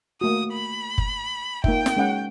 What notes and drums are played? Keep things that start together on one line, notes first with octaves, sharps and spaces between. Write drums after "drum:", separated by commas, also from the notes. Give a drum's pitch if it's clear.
A3 A#3 F#4 D#6
B5
drum: kick F#1
A#3 D#4 E5 G5, drum: kick F#1
drum: snare
G#3 C#4 F#5